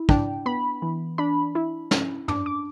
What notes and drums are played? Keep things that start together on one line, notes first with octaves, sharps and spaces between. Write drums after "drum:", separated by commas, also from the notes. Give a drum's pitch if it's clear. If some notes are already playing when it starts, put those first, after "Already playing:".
Already playing: E4
D4 G5, drum: kick
B3 B5
E3
D4 B5
E4
C#4, drum: snare
D4 D6, drum: tom
D6